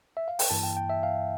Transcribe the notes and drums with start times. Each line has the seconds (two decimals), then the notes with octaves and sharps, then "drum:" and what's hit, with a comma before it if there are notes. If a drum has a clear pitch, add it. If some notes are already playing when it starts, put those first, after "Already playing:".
0.17 E5
0.28 F5
0.39 G5, drum: open hi-hat
0.50 G2 E3 A#3 E4 A5
0.63 G5
0.77 G5
0.90 E5
1.03 F5